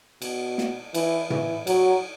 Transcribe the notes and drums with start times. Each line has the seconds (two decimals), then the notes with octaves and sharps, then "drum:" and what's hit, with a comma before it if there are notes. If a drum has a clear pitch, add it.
0.22 B2, drum: cymbal
0.58 drum: snare
0.94 E3, drum: cymbal
1.30 E3, drum: tom
1.67 F#3, drum: cymbal